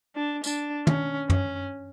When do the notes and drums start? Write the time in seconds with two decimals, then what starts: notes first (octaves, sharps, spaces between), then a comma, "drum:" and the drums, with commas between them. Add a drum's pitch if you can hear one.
0.16 D4
0.44 D4, drum: tambourine
0.87 C#4, drum: tom
1.30 C#4, drum: tom